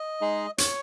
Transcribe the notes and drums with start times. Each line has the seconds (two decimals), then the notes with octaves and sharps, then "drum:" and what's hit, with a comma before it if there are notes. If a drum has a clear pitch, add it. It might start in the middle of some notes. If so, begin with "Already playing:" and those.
Already playing: D#5
0.21 G#3 D#4 G#4
0.58 C#5, drum: hi-hat